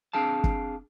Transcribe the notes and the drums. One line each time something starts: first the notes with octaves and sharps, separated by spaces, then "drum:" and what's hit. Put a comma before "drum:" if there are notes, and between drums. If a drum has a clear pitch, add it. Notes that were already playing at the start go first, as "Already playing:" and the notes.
C4 D4 G#4 F5 A5
drum: kick